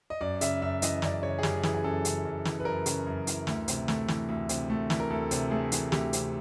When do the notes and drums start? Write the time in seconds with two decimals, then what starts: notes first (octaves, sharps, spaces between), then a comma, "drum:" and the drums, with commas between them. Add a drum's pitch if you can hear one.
0.10 D#5
0.21 F#2 D5
0.41 C#3 E5, drum: hi-hat
0.62 F#2 E5
0.82 E3 D#5, drum: hi-hat
1.02 F#2 D5, drum: snare
1.23 C#3 C#5
1.39 G#4
1.43 F#2 G4, drum: snare
1.63 E3 G#4, drum: snare
1.74 G#4
1.84 F#2 A4
2.05 C#3, drum: hi-hat
2.25 F#2
2.45 E3, drum: snare
2.60 B4
2.65 F#2 A#4
2.86 C#3, drum: hi-hat
3.07 F#2
3.27 E3, drum: hi-hat
3.47 D2, drum: snare
3.68 C3, drum: hi-hat
3.88 A3, drum: snare
4.08 E3, drum: snare
4.29 D2
4.49 C3, drum: hi-hat
4.70 A3
4.90 E3, drum: snare
5.00 A#4
5.10 D2 A4
5.31 C3, drum: hi-hat
5.51 A3 G#4
5.72 E3, drum: hi-hat
5.92 D2 G4, drum: snare
6.13 C3, drum: hi-hat